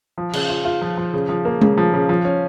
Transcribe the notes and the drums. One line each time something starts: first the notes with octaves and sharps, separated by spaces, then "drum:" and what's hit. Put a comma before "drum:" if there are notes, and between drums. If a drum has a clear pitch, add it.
F3
C#3, drum: cymbal
F4
F4
F3
F3
C#3
F3
A#3
C#3, drum: tom G#3
F3
C#3
F3
C#4